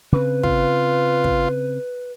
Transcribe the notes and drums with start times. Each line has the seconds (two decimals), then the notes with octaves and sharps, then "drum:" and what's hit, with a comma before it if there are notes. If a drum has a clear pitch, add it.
0.12 C#3 C4 B4
0.43 F4, drum: kick
1.24 drum: kick